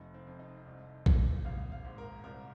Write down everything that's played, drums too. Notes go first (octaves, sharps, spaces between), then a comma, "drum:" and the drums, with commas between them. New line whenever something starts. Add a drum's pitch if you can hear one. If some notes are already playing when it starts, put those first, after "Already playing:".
Already playing: F1 C3 D#4
C4
F2
D#4
C2
A#2, drum: kick A#1
G#1 F5
F5
G#2
A#4
C2 A#4